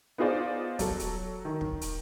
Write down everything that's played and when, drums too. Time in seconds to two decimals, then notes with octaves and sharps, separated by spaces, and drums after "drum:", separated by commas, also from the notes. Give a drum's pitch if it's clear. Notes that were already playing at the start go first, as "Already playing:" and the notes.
0.18 B3 D#4 F4 G#4 C5 D5
0.79 F#3 A4, drum: kick, hi-hat
0.99 drum: hi-hat
1.45 D#3
1.61 drum: kick
1.81 drum: hi-hat